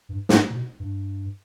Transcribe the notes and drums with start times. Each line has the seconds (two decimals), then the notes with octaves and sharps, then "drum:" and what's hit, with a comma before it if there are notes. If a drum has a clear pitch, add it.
0.09 G2
0.29 G#2, drum: snare
0.50 B2
0.80 G2